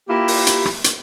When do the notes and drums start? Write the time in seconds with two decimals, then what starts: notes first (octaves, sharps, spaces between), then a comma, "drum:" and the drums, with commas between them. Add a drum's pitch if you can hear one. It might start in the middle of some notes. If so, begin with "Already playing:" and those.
0.09 A#3 E4 F4 G4
0.28 drum: open hi-hat
0.47 drum: hi-hat
0.65 drum: rim click
0.84 drum: hi-hat